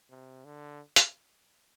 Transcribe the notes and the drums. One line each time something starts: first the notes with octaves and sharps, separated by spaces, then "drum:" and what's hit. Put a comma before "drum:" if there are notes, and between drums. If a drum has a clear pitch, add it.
C3
D3
drum: hi-hat